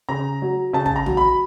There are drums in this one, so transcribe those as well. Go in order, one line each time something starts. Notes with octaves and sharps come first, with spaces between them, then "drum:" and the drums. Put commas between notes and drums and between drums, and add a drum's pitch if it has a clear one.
C#3 A#5
F#3
C#3 A5
A5, drum: kick
A#5
F#3, drum: tom
B5